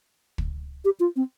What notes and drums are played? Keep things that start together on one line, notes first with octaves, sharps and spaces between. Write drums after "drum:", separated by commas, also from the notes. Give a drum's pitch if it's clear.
drum: kick
G4
F4
C4